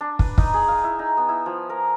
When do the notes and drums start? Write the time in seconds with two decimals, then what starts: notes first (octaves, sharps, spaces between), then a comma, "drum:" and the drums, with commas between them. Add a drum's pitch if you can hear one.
0.01 D4
0.19 B4, drum: kick
0.38 D#4, drum: kick
0.54 G#4
0.68 F5
0.84 E4
0.99 D#4
1.17 B3
1.29 E4
1.46 F3
1.70 A#4